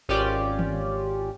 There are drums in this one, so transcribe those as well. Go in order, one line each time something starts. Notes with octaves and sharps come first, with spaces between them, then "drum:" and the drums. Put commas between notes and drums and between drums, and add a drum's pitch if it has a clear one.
G#1 C#4 F4 G4 D5
drum: tom D#3